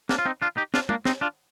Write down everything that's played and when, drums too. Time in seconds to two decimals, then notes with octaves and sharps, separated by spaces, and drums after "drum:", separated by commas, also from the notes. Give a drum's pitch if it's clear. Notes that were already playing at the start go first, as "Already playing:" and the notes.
0.09 A#3 D4, drum: snare
0.18 F4
0.25 C4 D#4
0.42 D4 F4
0.57 D#4 G4
0.74 D4 F4, drum: snare
0.89 A#3 D4, drum: tom
1.05 C4 D#4, drum: snare
1.21 D4 F4